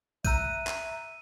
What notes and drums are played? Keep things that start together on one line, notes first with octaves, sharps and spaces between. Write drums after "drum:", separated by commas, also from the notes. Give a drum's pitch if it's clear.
E5 A#5 E6 F#6 G6 D#7, drum: kick A#1, tambourine
drum: clap